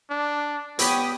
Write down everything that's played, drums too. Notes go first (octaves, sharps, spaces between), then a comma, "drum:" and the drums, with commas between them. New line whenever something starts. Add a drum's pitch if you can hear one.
D4
B3 G4 C#5 G5 B5 D#6, drum: hi-hat